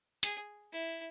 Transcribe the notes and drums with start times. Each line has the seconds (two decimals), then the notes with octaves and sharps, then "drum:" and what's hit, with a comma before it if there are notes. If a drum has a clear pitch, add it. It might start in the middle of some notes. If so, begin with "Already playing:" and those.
0.23 G#4, drum: hi-hat
0.72 E4